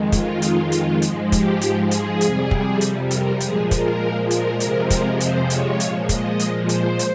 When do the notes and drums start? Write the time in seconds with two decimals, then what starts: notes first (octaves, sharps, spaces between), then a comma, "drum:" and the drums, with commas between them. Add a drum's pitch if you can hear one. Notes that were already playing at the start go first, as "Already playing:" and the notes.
Already playing: F2 D#3 G#3
0.12 F4, drum: kick, hi-hat
0.42 drum: hi-hat
0.72 drum: hi-hat
1.02 G#2 F3 G#3, drum: hi-hat
1.32 G4, drum: kick, hi-hat
1.61 drum: hi-hat
1.91 G#4, drum: hi-hat
2.21 F2 C3 G3, drum: hi-hat
2.51 drum: kick
2.81 drum: hi-hat
3.11 A#4, drum: hi-hat
3.40 A#2 F3 G#3 G#4, drum: hi-hat
3.71 A#4, drum: kick, hi-hat
4.31 A#4, drum: hi-hat
4.60 F2 C3 F3 G#3 A#4, drum: hi-hat
4.90 A#4, drum: kick, hi-hat
5.20 C5, drum: hi-hat
5.50 C#5, drum: hi-hat
5.80 A#2 F3 G#3, drum: hi-hat
6.09 D#5, drum: kick, hi-hat
6.40 drum: hi-hat
6.69 C5, drum: hi-hat
6.99 drum: hi-hat